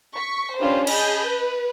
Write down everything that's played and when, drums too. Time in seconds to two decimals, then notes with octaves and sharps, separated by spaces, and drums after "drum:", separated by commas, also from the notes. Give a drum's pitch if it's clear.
0.15 C#6 B6
0.57 C#4 D4 F4 G4 B4 C5
0.87 G#4 D#5 A5 B5 G6, drum: cymbal
1.26 B4